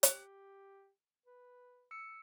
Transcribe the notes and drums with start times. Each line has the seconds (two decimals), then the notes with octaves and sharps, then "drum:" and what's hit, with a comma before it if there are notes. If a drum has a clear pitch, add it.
0.03 G4, drum: hi-hat
1.26 B4
1.91 E6 C#7